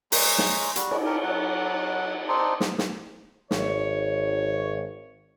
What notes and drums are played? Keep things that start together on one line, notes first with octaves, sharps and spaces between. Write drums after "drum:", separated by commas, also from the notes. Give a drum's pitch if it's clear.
G#3 C#5 A#5, drum: open hi-hat
drum: snare
G3 F#4, drum: hi-hat
drum: cymbal
G4 A#4
F#3 F#5
C4 D4 D#4 C5
drum: snare
drum: snare
G#1 C#5, drum: snare